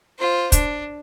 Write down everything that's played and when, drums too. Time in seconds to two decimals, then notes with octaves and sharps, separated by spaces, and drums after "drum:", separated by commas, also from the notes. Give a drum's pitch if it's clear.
0.19 F4 C5
0.52 D4, drum: kick, hi-hat